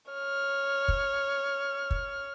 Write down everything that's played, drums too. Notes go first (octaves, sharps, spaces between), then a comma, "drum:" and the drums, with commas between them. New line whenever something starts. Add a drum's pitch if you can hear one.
C#5 F6
drum: kick
drum: kick